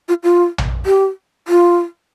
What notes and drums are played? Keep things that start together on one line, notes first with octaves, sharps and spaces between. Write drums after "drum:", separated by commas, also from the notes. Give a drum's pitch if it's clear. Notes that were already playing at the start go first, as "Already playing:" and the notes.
F4
F4
drum: tom A#1
G4
F4